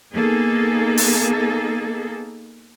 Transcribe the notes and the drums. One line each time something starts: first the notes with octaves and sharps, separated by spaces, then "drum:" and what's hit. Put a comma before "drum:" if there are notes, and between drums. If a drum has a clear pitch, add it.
A#3 B3 D#4 G#4 A4
drum: open hi-hat